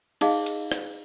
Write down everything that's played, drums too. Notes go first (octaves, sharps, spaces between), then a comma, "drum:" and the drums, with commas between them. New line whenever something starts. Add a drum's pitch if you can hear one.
D#4 G#4 D#5 F5, drum: cymbal
drum: cymbal
drum: rim click